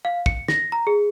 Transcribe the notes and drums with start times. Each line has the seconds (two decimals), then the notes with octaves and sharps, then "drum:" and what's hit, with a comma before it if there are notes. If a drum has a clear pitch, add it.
0.05 F5
0.26 C#7, drum: kick
0.48 A#6, drum: snare
0.72 A#5
0.87 G#4